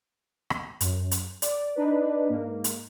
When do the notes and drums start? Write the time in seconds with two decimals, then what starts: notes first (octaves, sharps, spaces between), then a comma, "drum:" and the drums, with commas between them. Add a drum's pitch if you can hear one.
0.50 drum: rim click
0.81 F#2, drum: hi-hat
1.11 drum: hi-hat
1.42 D5, drum: hi-hat
1.76 D4 D#4 B4
2.29 G#2 A#3
2.64 drum: hi-hat